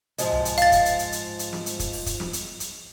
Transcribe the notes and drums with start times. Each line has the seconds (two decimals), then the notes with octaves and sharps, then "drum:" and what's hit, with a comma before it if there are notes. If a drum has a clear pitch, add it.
0.18 G#2 F3 G#3, drum: hi-hat
0.32 drum: tom C2
0.45 drum: hi-hat
0.58 F5 A6, drum: hi-hat
0.72 drum: kick, hi-hat
0.85 drum: hi-hat
0.99 drum: hi-hat
1.12 drum: hi-hat
1.39 drum: hi-hat
1.53 drum: snare
1.66 drum: hi-hat
1.79 drum: kick, hi-hat
1.93 drum: open hi-hat
2.06 drum: kick, hi-hat
2.20 drum: snare
2.33 drum: hi-hat
2.60 drum: hi-hat